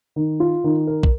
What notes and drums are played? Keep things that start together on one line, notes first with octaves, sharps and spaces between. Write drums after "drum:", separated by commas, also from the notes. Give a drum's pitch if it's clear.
D#3
F4
D#3
A#4
drum: kick